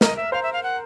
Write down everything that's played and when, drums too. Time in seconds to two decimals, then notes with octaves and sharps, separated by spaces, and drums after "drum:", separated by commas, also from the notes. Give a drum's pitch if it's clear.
0.01 A#4 D#5, drum: snare
0.17 E5
0.32 C5 F5
0.43 E5
0.53 F5
0.63 F#5